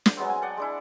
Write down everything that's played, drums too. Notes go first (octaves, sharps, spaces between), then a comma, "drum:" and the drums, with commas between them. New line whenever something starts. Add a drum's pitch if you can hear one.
drum: snare
F#3 G#3 B3 C4
G#5
D5 F#5 G5 A5
G#3 D4 E4